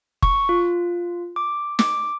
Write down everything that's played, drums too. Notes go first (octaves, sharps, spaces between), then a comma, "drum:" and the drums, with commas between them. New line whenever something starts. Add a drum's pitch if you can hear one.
C#6, drum: kick F#1
F4
D6
D6, drum: snare